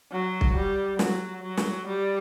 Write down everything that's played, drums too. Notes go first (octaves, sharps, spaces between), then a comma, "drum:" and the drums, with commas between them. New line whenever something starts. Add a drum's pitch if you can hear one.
F#3
drum: kick B1
G3
F#3, drum: snare
F#3
drum: snare
G3